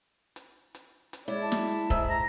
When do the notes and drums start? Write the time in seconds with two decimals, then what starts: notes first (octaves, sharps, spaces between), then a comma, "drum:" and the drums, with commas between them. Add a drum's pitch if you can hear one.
0.36 drum: hi-hat
0.75 drum: hi-hat
1.13 drum: hi-hat
1.28 G#3 E4 C#5 D5
1.42 A5
1.52 drum: snare
1.90 G#2 E5, drum: kick
2.10 A#5